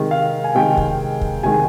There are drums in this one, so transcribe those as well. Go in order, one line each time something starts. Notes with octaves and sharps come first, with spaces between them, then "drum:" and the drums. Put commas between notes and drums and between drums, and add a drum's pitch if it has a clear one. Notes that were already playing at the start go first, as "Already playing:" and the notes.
Already playing: C3 D#3 G#3
F5
G#5
C3 D#3 G#3 G5
drum: kick
drum: kick
C3 D#3 G#3 G#5